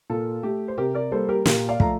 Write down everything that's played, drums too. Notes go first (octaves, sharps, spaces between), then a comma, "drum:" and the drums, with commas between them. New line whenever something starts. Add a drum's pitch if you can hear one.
A#2 F4 A4
A3 G4
C5
C3 G4 A#4
A#4 D5
G3 A#3 A4 C5
G4 A#4
A#2 G4 A#4, drum: snare
D5 F5
F3 A3 A#5, drum: kick